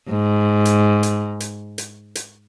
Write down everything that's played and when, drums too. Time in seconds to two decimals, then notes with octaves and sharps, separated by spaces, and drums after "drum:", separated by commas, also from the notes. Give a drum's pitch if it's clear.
0.09 G#2
0.65 drum: hi-hat
1.03 drum: hi-hat
1.40 drum: hi-hat
1.78 drum: hi-hat
2.15 drum: hi-hat